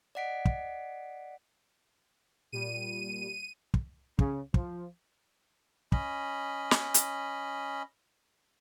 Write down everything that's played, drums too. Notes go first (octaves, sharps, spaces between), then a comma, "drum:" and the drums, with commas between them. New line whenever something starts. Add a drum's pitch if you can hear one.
D5 D#5 F#5 B6 D7
drum: kick
A#2 G3 D#7
drum: kick
C#3, drum: kick
F3, drum: kick
C#4 D#5 B5, drum: kick
drum: snare
drum: hi-hat